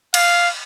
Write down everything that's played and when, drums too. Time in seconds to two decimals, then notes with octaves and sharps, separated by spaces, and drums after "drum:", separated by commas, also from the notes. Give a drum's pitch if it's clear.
0.14 F5, drum: cymbal